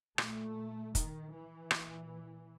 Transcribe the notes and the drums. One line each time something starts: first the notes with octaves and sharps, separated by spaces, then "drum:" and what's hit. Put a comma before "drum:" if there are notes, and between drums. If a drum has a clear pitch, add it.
A#2 A3, drum: rim click
D#3, drum: kick, hi-hat
E3
A#2, drum: rim click